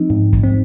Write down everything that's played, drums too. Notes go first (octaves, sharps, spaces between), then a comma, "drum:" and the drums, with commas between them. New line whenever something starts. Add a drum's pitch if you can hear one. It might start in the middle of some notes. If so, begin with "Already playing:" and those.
Already playing: F3 C4 D#4
G#2
drum: kick
C4